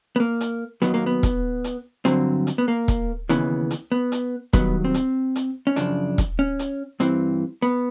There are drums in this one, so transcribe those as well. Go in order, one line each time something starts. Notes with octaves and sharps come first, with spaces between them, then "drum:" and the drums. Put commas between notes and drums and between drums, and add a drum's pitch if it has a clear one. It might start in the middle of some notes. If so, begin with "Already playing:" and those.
B3
A#3
drum: hi-hat
D#2 D#3 F#3 B3, drum: hi-hat
A#3
B3
drum: kick E1, hi-hat
drum: hi-hat
G2 D3 F#3 C4, drum: hi-hat
drum: hi-hat
B3
A#3
drum: kick E1, hi-hat
D#2 C#3 E3 B3, drum: hi-hat
drum: hi-hat
B3
drum: hi-hat
G2 D#3 F#3 B3, drum: kick E1, hi-hat
C4
drum: hi-hat
drum: hi-hat
C#4
F#2 C#3 F3 D4, drum: hi-hat
drum: kick E1, hi-hat
C#4
drum: hi-hat
G2 E3 C4, drum: hi-hat
B3